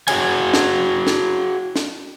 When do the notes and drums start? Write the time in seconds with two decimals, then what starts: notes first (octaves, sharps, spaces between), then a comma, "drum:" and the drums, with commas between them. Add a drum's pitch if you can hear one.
0.08 F#4 G#4 C#5 G#5, drum: cymbal
0.54 drum: snare
1.07 drum: snare
1.76 drum: snare